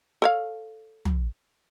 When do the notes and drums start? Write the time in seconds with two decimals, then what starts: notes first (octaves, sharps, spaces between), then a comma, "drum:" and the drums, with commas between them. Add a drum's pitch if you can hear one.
0.22 A4 C#5 F5
1.05 drum: tom